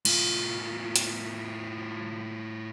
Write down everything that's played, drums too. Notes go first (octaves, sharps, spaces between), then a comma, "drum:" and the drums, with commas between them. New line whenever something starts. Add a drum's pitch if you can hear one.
A2 F4, drum: cymbal
drum: hi-hat